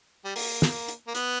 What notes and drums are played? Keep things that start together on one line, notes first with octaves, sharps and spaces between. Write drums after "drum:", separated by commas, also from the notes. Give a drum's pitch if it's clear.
G3
A#3, drum: open hi-hat
drum: snare
drum: hi-hat
A#3
B3, drum: hi-hat